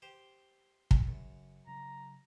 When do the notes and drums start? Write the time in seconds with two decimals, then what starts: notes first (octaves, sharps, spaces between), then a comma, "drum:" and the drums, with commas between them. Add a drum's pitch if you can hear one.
0.02 G4 C5
0.91 drum: kick
1.08 F#1 F#2 C#3
1.67 C#3 F#3 A#5